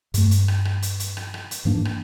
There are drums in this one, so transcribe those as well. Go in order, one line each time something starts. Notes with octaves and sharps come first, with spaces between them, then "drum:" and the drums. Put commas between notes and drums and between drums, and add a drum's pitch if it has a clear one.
G2 A3, drum: hi-hat
drum: hi-hat
drum: rim click
drum: rim click
drum: hi-hat
drum: hi-hat
drum: rim click
drum: rim click
drum: hi-hat
G#2 E3 A#3 D4
drum: rim click